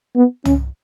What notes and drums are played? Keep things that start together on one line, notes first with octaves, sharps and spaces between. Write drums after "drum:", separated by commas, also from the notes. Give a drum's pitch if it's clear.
B3
C#4, drum: tom